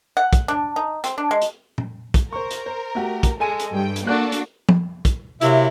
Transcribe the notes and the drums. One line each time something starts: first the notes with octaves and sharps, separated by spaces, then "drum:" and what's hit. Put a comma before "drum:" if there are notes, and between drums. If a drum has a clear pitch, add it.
F#5
drum: kick, hi-hat
D4
D#4
C4, drum: hi-hat
D4
G#3
drum: hi-hat
drum: tom
drum: kick, hi-hat
A#4 C5 C#6
drum: hi-hat
C5
A3 F#4 G4
drum: kick, hi-hat
G#3 A4 G#5 D#7
drum: hi-hat
G2 G5
drum: hi-hat
A#3 D4 F#4 A4 F#6
drum: hi-hat
drum: tom
drum: kick, hi-hat
C3 F#3 A#3 E4, drum: hi-hat